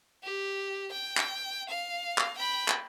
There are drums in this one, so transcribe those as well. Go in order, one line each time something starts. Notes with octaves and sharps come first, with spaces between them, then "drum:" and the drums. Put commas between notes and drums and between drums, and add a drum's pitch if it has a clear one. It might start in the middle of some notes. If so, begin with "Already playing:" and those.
G4
G5
drum: clap
F5
drum: clap
G5 B5
drum: clap